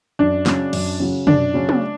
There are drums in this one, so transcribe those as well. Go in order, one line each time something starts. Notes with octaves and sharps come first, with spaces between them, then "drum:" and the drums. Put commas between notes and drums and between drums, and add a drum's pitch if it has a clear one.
F#2 D4
C#3 F#3 C#4, drum: snare
F#2, drum: cymbal
C#3 F#3 C#4
F#2 D4, drum: tom
C#3 F#3 C#4
drum: tom